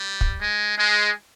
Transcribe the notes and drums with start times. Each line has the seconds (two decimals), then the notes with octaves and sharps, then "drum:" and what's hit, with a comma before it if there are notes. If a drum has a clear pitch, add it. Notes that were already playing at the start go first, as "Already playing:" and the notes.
Already playing: G3
0.21 drum: kick
0.39 G#3
0.78 G#3